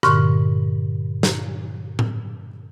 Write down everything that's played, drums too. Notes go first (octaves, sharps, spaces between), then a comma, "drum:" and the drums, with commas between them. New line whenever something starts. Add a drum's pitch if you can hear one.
G2 A#2 D3 C6 C#6 F6, drum: rim click
drum: snare
drum: tom A2